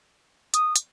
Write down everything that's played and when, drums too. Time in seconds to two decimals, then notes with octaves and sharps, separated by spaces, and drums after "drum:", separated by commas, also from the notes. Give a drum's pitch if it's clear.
0.54 D#6, drum: hi-hat
0.76 drum: hi-hat